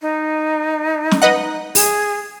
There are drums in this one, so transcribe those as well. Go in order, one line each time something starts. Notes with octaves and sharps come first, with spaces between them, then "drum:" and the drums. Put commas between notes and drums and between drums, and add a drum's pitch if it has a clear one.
D#4
drum: snare
B4 D#5 F#5
G#4, drum: open hi-hat